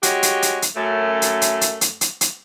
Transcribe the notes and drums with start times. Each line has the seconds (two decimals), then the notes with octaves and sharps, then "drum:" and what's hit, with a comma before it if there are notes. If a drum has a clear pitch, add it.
0.03 G#3 C#4 F#4 G4, drum: hi-hat
0.23 drum: hi-hat
0.42 drum: hi-hat
0.62 drum: hi-hat
0.76 F#2 A3
1.22 drum: hi-hat
1.42 drum: hi-hat
1.61 drum: hi-hat
1.81 drum: hi-hat
2.01 drum: hi-hat
2.21 drum: hi-hat